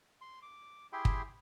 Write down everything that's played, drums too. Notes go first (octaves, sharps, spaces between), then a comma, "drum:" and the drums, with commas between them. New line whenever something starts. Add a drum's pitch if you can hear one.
C6
D6
E4 G4 G#4 E5 G5 C6
drum: kick